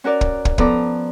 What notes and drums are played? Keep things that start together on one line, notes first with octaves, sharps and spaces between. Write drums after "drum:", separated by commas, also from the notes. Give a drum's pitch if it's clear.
C#4 F#4 A#4 D5
drum: kick
drum: kick
F3 B3 A4 D5 A#5 D6, drum: kick